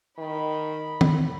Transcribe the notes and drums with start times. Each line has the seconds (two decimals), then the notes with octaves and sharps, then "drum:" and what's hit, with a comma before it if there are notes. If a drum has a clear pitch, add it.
0.19 D#3 B5
1.01 drum: tom D#3